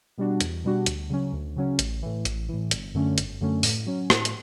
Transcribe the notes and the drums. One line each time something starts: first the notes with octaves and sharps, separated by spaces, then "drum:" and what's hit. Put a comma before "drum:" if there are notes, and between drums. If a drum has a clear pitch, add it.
B2 G3 D4 F#4
E2, drum: hi-hat
B2 G3 D4 F#4
D2, drum: hi-hat
C#3 F#3 C#4
D2
C#3 F#3 C#4
A1, drum: hi-hat
A2 E3
A1, drum: hi-hat
A2 E3
G1, drum: hi-hat
F#2 D3 A3 C#4
G1, drum: hi-hat
F#2 D3 A3 C#4
A2, drum: open hi-hat
F#3 C#4
A2, drum: rim click
drum: hi-hat